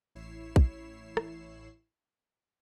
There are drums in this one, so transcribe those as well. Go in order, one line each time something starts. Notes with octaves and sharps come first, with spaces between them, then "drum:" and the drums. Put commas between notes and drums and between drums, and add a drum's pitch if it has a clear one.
A1 E4 C#5 C7 E7
drum: kick
drum: rim click